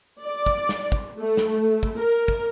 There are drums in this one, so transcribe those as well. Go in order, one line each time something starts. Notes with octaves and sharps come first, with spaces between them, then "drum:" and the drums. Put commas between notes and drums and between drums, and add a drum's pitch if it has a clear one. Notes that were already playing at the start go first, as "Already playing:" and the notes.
D5
drum: kick
drum: snare
drum: kick
A3
drum: snare
drum: kick
A#4
drum: kick